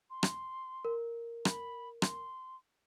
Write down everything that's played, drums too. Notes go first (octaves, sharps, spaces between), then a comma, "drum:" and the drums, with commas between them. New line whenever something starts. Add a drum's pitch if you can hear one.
C6
drum: rim click
A#4
B5, drum: rim click
C6, drum: rim click